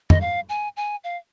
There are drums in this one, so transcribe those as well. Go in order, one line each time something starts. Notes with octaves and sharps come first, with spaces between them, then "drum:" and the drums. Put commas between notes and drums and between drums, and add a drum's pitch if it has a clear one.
D#5, drum: tom
F5
G#5
G#5
F5